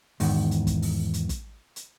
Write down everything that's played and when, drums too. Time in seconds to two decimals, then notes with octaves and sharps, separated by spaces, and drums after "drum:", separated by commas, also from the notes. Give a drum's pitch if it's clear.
0.20 E2 G#2 D#3, drum: open hi-hat
0.51 drum: hi-hat
0.67 drum: kick, hi-hat
0.82 drum: open hi-hat
1.14 drum: hi-hat
1.29 drum: kick, hi-hat
1.76 drum: hi-hat